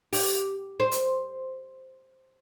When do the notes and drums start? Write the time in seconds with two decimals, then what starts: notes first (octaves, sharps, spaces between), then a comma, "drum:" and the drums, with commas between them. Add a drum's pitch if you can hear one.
0.13 G4, drum: open hi-hat
0.80 C5
0.91 drum: hi-hat